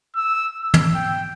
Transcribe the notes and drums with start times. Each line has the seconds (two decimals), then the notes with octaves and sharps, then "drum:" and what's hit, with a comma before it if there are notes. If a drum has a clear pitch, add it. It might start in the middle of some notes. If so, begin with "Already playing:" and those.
0.16 E6
0.61 E6
0.74 drum: tom
0.95 G5